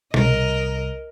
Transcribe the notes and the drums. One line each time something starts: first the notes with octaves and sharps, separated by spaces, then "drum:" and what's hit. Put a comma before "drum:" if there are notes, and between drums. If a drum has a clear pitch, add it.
C2 A#4 D#5, drum: tom B2